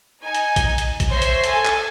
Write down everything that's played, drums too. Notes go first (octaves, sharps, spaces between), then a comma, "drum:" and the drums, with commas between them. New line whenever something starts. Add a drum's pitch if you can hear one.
D#4 G#5
drum: hi-hat
drum: kick A#1, hi-hat
drum: hi-hat
drum: kick A#1, hi-hat
C5 C#5 E5 A#6 C7
drum: hi-hat
A4 G#5, drum: hi-hat
drum: clap